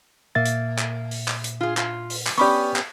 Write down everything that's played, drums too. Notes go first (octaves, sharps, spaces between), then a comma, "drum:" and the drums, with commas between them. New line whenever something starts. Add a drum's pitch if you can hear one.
A#2 A#3 E5 A6
drum: hi-hat
drum: clap
drum: open hi-hat
drum: clap
drum: hi-hat
F4 G#4
F4, drum: clap
drum: open hi-hat
drum: clap
B3 C#4 G4 D5 B5 C#6
drum: clap